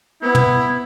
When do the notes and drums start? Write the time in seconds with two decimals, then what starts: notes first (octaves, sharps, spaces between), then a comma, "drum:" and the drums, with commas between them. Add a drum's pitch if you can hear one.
0.22 B3 E4
0.35 drum: tom